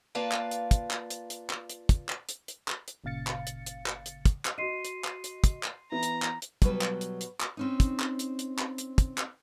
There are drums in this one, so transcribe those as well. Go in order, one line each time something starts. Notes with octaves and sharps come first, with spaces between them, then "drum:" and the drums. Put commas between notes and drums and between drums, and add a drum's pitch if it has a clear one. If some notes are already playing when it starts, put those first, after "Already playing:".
A#3 F4 B4 D5 F5 A5
drum: clap
drum: hi-hat
drum: kick, hi-hat
drum: clap
drum: hi-hat
drum: hi-hat
drum: clap
drum: hi-hat
drum: kick, hi-hat
drum: clap
drum: hi-hat
drum: hi-hat
drum: clap
drum: hi-hat
G1 A#2 C#3 F5 A6 C#7
drum: clap
drum: hi-hat
drum: hi-hat
drum: clap
drum: hi-hat
drum: kick, hi-hat
drum: clap
F#4 D#5 C6 C7 D#7
drum: hi-hat
drum: clap
drum: hi-hat
drum: kick, hi-hat
drum: clap
E3 B3 E4 A#5
drum: hi-hat
drum: clap
drum: hi-hat
B2 F#3 G3 B4, drum: kick, hi-hat
drum: clap
drum: hi-hat
drum: hi-hat
drum: clap
C4 C#4 D#4
drum: kick, hi-hat
drum: clap
drum: hi-hat
drum: hi-hat
drum: clap
drum: hi-hat
drum: kick, hi-hat
drum: clap